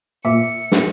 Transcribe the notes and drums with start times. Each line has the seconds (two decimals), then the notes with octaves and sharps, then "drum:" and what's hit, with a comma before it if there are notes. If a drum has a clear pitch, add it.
0.25 A#2 E5 C#7
0.72 drum: snare